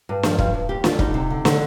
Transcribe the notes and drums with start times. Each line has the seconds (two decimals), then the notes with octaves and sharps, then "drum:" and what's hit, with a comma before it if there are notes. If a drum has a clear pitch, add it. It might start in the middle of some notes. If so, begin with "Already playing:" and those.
0.09 G2
0.23 F3, drum: snare
0.38 G2, drum: kick E1
0.54 G2
0.69 D#2 G4
0.84 D3 F4, drum: snare
0.99 G3 D#4, drum: kick E1
1.14 C3
1.30 D3
1.45 D3, drum: snare